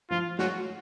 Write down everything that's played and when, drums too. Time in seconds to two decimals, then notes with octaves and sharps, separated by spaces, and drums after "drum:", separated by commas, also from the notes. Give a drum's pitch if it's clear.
0.10 F3 F4
0.39 F#3 F#4, drum: snare